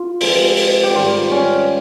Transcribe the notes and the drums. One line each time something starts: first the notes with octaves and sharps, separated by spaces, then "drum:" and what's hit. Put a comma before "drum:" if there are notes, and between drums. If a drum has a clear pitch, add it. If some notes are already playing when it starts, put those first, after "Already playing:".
Already playing: F4
C3 F3 G#3, drum: open hi-hat
drum: open hi-hat
G4
G#2 D#3 G3 F4
C#4